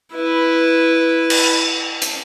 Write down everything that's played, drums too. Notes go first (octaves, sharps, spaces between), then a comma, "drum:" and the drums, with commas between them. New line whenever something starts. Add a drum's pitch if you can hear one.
E4 B4
drum: cymbal
drum: hi-hat